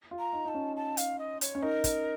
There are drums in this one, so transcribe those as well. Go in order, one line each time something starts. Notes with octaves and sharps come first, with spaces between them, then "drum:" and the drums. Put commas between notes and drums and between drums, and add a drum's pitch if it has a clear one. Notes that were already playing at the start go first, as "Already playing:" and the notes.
F4
A#5
D#4
D#4 A5
C#4
A5
F5, drum: hi-hat
D#5
C#5, drum: hi-hat
C#4
D#4 A#4
drum: kick, hi-hat